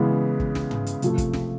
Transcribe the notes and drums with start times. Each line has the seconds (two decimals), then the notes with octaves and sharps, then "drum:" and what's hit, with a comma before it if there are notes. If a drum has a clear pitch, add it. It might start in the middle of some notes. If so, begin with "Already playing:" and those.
Already playing: C#3 E3 G#3 B3
0.40 drum: kick
0.55 drum: snare
0.71 drum: tom
0.87 drum: hi-hat
1.02 C3 F3 A3, drum: hi-hat
1.18 drum: kick, hi-hat
1.33 drum: snare